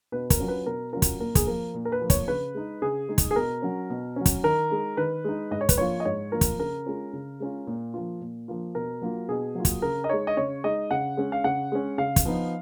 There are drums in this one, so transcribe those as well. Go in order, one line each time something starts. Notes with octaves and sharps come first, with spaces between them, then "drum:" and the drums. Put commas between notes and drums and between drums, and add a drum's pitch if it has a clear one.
B2 B4
A#4, drum: kick, hi-hat
F#3 C#4 F4
B4
B2 A#4
F#3 C#4 F4 A#4
drum: kick, hi-hat
A#2 A#4
G#4, drum: kick, hi-hat
F3 A#3 A#4
A#2
A#4
B4
F3 A#3
C#5, drum: kick, hi-hat
C#3 B4
G#3 D#4
C#3 G#4
G#3 D#4
drum: kick, hi-hat
G#4
B2 A#4
F#3 C#4
B2
F#3 C#4
drum: kick, hi-hat
D#3 A#4
G#3 D#4
D#3 B4
G#3 D#4
G#2 D#5
C#5
B4, drum: kick, hi-hat
F3 A#3 F4 C#5
D#5
G#2 C#5
F3 A#3 F4 A#4
drum: kick, hi-hat
C#3 A#4
G#3 C#4 F4
C#3
G#3 C#4 F4
A#2
F3 A#3 F4
A#2
F3 A#3 F4
B2 A#4
F#3 A#3 F4
B2 G#4
F#3 A#3 F4
drum: kick, hi-hat
C#3 A#4
D#5
G#3 D#4 C#5
D#5
C#3 C#5
G#3 D#4 D#5
C#3 F#5
G#3 C#4
F5
C#3 F#5
G#3 C#4
C#3 F5
drum: kick, hi-hat
F3 B3 D#4